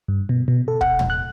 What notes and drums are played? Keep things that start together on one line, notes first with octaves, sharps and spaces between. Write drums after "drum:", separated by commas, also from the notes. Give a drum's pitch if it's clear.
G2
B2
B2
A4
F#5, drum: kick
drum: tom
F#6